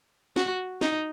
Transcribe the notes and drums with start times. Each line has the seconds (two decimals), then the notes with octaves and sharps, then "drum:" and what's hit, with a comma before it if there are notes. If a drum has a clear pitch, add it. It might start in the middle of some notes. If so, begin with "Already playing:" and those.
0.36 F#4, drum: snare
0.81 D#4, drum: snare